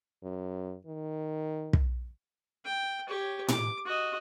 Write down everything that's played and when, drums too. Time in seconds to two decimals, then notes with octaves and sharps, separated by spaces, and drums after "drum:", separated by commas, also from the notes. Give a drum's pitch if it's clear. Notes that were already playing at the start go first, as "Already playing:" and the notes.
0.23 F#2
0.87 D#3
1.73 drum: kick
2.65 G5
3.08 G4 C#5
3.48 D6, drum: tom A2
3.85 F#4 D#5